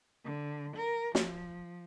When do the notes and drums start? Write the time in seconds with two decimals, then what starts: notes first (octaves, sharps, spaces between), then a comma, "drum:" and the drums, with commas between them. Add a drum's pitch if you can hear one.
0.24 D3
0.76 A#4
1.15 F3, drum: snare